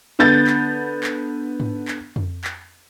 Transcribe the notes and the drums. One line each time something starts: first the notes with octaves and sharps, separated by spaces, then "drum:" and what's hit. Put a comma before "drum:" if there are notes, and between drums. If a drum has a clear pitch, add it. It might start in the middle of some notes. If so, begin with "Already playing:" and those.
D3 B3 G6 A6
drum: clap
drum: clap
drum: tom G#2
drum: clap
drum: tom F2
drum: clap